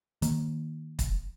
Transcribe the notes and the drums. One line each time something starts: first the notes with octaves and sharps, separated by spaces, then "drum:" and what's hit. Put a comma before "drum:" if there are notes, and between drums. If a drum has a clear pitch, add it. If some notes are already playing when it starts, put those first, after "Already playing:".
D#3 A#3, drum: hi-hat
drum: kick, hi-hat